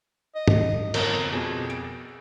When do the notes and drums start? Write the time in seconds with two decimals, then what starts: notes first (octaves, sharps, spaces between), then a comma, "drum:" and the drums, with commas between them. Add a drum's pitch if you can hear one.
0.35 D#5
0.48 drum: tom
0.94 G1 F2 A#4, drum: cymbal
1.33 F2 B2 G#4
1.70 D7